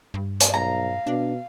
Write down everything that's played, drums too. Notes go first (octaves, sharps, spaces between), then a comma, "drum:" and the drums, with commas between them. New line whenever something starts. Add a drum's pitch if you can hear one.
G2
drum: hi-hat
B1 F5 A#5
B2 D4